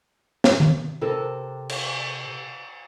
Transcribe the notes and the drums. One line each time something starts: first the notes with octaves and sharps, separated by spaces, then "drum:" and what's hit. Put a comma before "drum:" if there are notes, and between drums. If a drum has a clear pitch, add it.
drum: snare
drum: tom D#3
C3 A4 A#4
drum: cymbal